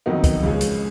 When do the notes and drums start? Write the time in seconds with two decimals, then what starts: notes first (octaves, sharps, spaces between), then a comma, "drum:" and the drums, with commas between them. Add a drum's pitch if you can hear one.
0.06 F2 D#3 F#3 B3 D#4
0.24 drum: kick, hi-hat
0.42 C#2 C#3 F3 G#3 C#4
0.61 drum: hi-hat